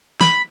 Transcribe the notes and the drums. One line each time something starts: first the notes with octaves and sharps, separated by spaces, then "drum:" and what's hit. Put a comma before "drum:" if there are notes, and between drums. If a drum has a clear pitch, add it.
B5, drum: snare